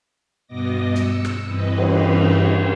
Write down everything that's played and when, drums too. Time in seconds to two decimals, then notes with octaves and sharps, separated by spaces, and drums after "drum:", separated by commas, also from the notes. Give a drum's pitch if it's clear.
0.47 G2 B2 B3 D#5 D6 A#6
0.95 E6 C#7, drum: snare
1.25 drum: rim click
1.44 G2 E3 C4 B4 D#5
1.78 drum: cymbal